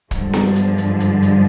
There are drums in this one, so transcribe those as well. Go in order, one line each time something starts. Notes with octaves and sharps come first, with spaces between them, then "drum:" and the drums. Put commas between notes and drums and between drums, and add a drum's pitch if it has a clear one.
G2 D3 F3 G#3, drum: kick, hi-hat
drum: snare B3
drum: hi-hat
drum: hi-hat
drum: hi-hat
drum: hi-hat